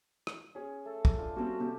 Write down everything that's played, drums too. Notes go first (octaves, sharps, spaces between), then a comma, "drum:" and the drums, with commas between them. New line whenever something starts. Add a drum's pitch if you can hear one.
drum: rim click
C#4 G#4
A3 A4
drum: kick
D4 F4 C5
G3 C4 C#4 F#4 A4
C3 C4 G4